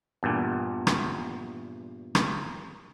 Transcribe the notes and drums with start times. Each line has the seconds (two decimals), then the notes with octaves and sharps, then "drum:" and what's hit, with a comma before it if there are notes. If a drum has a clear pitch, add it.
0.23 E2 G2 A#2
0.87 drum: rim click
2.15 drum: rim click